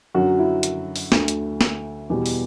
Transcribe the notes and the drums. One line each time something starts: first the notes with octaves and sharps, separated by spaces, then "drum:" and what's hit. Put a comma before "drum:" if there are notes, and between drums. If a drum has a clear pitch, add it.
F#2 D3 F#3 F#4
E4
drum: hi-hat
drum: open hi-hat
D2 D3 A3, drum: snare
drum: hi-hat
drum: snare
E2 B2 G3
drum: open hi-hat